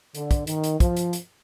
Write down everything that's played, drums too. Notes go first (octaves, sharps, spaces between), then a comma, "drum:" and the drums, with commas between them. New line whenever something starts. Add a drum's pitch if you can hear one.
D3, drum: hi-hat
drum: kick, hi-hat
D#3, drum: hi-hat
drum: hi-hat
F3, drum: kick, hi-hat
drum: hi-hat
drum: hi-hat